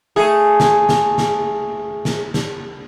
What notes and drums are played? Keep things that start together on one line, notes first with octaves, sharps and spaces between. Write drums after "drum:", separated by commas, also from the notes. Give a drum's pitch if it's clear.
A3 G#4
drum: snare
drum: snare
drum: snare
drum: snare
drum: snare